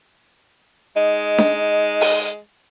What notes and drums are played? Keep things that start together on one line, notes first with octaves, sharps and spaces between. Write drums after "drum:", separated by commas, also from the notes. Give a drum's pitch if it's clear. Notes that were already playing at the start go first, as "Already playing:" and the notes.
G#3 D#4
drum: snare D4
drum: open hi-hat